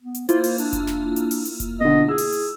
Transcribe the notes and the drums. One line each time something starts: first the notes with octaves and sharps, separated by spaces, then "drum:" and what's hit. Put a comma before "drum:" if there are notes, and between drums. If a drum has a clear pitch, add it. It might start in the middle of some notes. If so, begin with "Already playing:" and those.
B3
drum: hi-hat
A#3 E4 F4 C5, drum: hi-hat
drum: open hi-hat
D4, drum: hi-hat
drum: kick F1, hi-hat
drum: snare
drum: hi-hat
drum: open hi-hat
drum: hi-hat
drum: kick F1, hi-hat
B2 D3 D#5
G#4 E6
drum: open hi-hat
drum: hi-hat